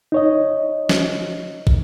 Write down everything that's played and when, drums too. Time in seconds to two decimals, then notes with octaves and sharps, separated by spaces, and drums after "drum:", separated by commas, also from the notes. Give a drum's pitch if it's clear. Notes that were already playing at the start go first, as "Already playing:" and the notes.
0.12 D#4 C#5 D#5
0.89 drum: snare
1.67 drum: kick